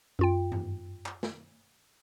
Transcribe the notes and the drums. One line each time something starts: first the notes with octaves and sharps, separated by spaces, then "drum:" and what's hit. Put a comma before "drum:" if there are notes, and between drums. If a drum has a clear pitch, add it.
F#2 F4 G5
drum: tom G2
drum: clap
drum: snare